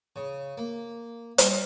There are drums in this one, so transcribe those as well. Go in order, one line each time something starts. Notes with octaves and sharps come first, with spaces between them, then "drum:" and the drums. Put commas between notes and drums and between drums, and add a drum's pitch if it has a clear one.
C#3
A#3
G3, drum: hi-hat